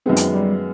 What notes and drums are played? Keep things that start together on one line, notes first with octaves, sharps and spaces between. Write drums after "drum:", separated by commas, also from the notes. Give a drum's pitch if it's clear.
F#2 D#3 G#3 B3 C4
drum: hi-hat
G3